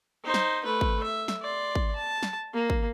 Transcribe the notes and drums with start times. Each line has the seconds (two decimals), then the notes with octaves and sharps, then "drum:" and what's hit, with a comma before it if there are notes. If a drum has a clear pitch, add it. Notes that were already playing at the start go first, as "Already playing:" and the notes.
0.25 D#4 C5
0.34 drum: snare
0.64 A3 B4
0.81 drum: kick
1.03 E5
1.28 drum: snare
1.42 D5 C6
1.75 drum: kick
1.95 A5
2.23 drum: snare
2.54 A#3
2.70 drum: kick